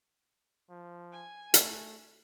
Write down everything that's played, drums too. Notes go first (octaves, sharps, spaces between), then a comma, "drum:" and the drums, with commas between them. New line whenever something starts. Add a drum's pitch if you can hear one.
F3
G#5
A3, drum: hi-hat